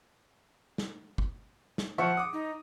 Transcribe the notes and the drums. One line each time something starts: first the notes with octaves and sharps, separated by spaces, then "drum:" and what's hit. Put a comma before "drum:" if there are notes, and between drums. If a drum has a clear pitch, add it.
drum: snare
drum: kick F#1
drum: snare
F3 E5 F#5 C#6
D6 D#6
D#4